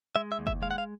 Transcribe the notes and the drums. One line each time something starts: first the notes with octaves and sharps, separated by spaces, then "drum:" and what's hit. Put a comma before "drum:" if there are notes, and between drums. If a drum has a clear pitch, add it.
G#3 E5
E5
D#2
E5, drum: kick
G#3 F5
F#5
F5